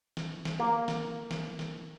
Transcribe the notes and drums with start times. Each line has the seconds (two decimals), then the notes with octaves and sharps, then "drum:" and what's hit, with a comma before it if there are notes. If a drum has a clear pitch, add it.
0.17 drum: snare
0.45 drum: snare
0.60 A#3
0.88 drum: snare
1.31 drum: snare
1.59 drum: snare